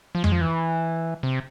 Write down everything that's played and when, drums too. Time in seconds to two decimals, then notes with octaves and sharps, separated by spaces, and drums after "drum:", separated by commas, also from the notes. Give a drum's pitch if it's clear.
0.15 F3
0.24 G#3, drum: tom F2
0.32 F3
0.41 E3
1.23 C3